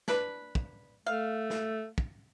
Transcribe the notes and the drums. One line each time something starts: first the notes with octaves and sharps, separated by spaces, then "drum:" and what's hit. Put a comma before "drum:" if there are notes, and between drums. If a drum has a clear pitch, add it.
D4 B4, drum: snare
drum: kick
A3 F5
drum: snare
drum: kick